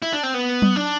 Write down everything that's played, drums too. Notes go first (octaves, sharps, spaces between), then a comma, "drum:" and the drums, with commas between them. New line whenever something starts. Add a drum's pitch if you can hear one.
E4
D4
C4
B3
drum: tom F#3
D4